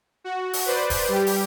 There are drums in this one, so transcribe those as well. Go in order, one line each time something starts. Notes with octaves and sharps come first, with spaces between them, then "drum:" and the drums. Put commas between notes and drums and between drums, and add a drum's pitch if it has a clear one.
F#4
drum: open hi-hat
B4 C5 D5
drum: kick E1, open hi-hat
G3 G4
drum: open hi-hat